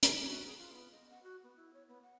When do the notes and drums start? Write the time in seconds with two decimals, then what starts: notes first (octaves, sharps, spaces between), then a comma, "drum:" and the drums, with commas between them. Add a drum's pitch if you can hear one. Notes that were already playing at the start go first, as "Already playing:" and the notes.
0.03 drum: hi-hat
0.24 F#4
0.45 G#4
0.58 F4
0.73 B3
0.91 D#5
1.10 F#5
1.23 F#4
1.43 B3
1.56 E4
1.74 C#5
1.88 B3
2.02 F#5